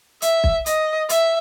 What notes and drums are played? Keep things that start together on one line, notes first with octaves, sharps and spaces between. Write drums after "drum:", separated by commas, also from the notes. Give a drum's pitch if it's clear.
E5, drum: hi-hat
drum: kick
D#5, drum: hi-hat
E5, drum: hi-hat